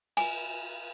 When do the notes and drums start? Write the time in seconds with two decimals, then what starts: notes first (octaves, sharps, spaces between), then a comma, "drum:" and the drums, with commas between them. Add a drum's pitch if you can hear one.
0.17 G#5, drum: cymbal